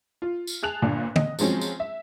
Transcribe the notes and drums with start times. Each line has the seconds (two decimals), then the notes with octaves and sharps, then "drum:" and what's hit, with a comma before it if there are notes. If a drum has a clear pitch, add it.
0.22 F4
0.47 drum: tambourine
0.63 G#4 A5 F#6 F7
0.82 G1 A#2 D4
1.16 D#5, drum: tom
1.39 F3 F#3 G#3 C4 C#4, drum: tambourine
1.61 drum: tambourine
1.80 E5